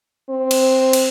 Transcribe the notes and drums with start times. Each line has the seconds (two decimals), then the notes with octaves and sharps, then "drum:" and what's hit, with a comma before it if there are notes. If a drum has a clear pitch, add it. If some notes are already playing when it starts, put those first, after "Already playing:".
0.30 C4
0.51 drum: cymbal
0.93 drum: cymbal